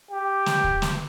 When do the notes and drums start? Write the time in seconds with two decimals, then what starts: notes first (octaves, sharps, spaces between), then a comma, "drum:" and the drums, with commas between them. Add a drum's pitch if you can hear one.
0.11 G4
0.46 drum: snare
0.64 drum: kick
0.82 drum: snare